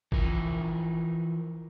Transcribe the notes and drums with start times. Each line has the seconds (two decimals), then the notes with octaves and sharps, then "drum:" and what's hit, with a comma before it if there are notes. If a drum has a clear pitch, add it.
0.12 E3 F3 A#4, drum: kick G#1